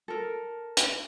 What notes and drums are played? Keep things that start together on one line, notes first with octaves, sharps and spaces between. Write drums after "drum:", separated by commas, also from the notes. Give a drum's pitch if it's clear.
A4 A#4
drum: hi-hat